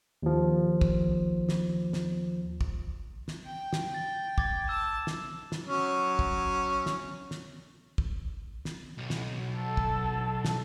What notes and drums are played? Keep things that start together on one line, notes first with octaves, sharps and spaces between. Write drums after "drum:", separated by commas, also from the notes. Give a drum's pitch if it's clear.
D#2 F3
drum: kick
drum: snare
drum: snare
drum: kick
drum: snare
G5
drum: snare
A6
D6 G#6 A6, drum: kick
A5 E6
drum: snare
drum: snare
F#3 C#4
drum: kick
drum: snare
drum: snare
drum: kick
drum: snare
B1
drum: snare
A4
drum: kick
drum: snare